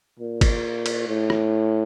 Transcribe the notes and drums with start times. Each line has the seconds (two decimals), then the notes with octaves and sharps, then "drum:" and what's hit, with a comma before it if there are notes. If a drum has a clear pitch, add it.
0.20 A#2
0.41 drum: kick, cymbal
0.86 drum: cymbal
1.07 A2
1.30 drum: rim click